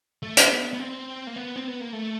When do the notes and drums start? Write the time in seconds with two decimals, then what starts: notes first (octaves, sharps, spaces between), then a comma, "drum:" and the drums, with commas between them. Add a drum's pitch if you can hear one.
0.23 A3
0.37 B3, drum: hi-hat
0.73 B3
0.80 C4
1.27 A#3
1.36 B3
1.56 C4
1.68 B3
1.81 A#3
1.93 A3